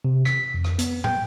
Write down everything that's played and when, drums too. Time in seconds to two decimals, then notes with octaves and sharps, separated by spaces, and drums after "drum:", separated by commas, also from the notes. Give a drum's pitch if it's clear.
0.05 C3
0.25 B6, drum: rim click
0.54 F2
0.64 drum: rim click
0.79 B3, drum: hi-hat
1.04 G5, drum: tom